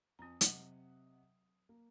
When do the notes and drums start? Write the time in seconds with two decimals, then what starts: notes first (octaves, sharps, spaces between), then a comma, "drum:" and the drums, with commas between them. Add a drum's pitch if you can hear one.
0.19 F2 C4 G#5 A#5 D#6
0.41 C3 F#3 D#5 F#5, drum: hi-hat
1.69 A#3